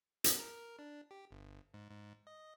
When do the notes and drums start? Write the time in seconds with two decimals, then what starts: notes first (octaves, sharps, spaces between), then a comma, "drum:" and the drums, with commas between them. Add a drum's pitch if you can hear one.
0.24 B3, drum: hi-hat
0.39 A#4
0.79 D4
1.11 G4
1.31 G1
1.74 G#2
1.91 G#2
2.27 D#5